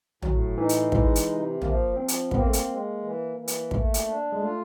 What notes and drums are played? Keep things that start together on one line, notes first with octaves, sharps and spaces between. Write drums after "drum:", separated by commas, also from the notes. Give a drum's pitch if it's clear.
A2 F#3, drum: tom
E3 D#4
drum: hi-hat
E3 G#3, drum: kick
drum: hi-hat
C3
F3 A#3, drum: tom
F3 C4
drum: hi-hat
B3 C4, drum: kick
A#3
A3
A#3, drum: hi-hat
G#3
E3
E3
drum: hi-hat
A3, drum: kick
drum: hi-hat
D4
G#3
A3 F4